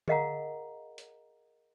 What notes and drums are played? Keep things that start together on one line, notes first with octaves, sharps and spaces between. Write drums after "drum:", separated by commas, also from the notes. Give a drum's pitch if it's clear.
G#4 A#4 D#5 F5 F#5 A#5, drum: tom D3
drum: hi-hat